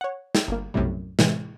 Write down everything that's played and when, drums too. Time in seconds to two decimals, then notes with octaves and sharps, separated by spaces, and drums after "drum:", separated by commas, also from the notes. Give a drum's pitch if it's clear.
0.01 C#5 F#5
0.35 drum: snare
0.48 G1 A#3
0.74 B1 F#2 A2 C3 G3
1.19 A2 C3 E3 G#3, drum: snare